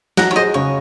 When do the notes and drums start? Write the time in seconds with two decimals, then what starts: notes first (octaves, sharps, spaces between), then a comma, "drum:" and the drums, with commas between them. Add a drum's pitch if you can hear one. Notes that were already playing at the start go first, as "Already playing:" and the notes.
0.17 F#3 F#5 A#5, drum: snare
0.31 C#5
0.36 G#4 C5 D#5
0.54 C#3 C#5